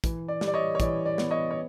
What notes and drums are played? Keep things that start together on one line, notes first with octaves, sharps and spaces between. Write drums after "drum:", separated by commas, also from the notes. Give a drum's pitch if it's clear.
E3, drum: kick, hi-hat
D5
G3, drum: snare
D5
C#5 D#5
C#5
E3 D5, drum: kick, hi-hat
D5
B3, drum: snare
C#5 D#5
C#5